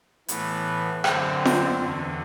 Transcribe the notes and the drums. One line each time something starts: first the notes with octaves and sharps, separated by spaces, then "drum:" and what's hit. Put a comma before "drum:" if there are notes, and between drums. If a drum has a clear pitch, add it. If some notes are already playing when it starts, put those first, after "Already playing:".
A2 E3 B3, drum: hi-hat
F#2 D3 C4, drum: rim click
drum: snare F4
E2 D3